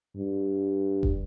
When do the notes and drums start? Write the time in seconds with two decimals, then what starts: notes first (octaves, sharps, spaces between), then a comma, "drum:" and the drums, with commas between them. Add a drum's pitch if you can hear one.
0.17 G2
1.03 drum: kick F1